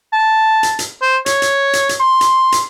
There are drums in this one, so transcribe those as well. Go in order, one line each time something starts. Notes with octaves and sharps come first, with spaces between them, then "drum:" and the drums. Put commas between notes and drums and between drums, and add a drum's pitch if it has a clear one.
A5
drum: hi-hat
drum: hi-hat
C5
C#5, drum: hi-hat
drum: hi-hat
drum: hi-hat
drum: hi-hat
C6
drum: hi-hat
drum: hi-hat